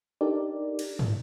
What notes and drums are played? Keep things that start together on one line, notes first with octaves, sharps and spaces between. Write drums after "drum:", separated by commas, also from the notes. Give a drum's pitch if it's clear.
D4 D#4 G4 A4 A#4 D5
drum: cymbal
drum: tom